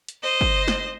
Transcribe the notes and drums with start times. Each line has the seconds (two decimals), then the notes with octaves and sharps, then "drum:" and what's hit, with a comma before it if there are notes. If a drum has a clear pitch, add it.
0.08 drum: hi-hat
0.23 C5 D#5
0.41 drum: kick G1
0.68 drum: snare